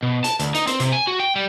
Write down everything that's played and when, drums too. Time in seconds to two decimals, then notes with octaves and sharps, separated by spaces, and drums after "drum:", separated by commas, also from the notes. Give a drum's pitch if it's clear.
0.03 B2
0.24 A5, drum: hi-hat
0.39 D2, drum: hi-hat
0.55 D#4, drum: hi-hat
0.67 C4, drum: hi-hat
0.80 C3, drum: hi-hat
0.92 G#5
1.07 F#4
1.20 G5
1.36 G3